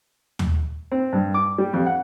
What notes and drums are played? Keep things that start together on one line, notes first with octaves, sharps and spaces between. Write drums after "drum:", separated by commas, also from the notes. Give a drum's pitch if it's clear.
drum: tom D#2
C4
G2
D6
G3
F2
F#5